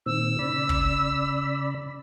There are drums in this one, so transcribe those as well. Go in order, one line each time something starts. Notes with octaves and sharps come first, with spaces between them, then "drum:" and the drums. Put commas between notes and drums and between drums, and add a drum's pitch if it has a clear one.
A#2 D#3 C4 E6
C#3 D5 B5
drum: kick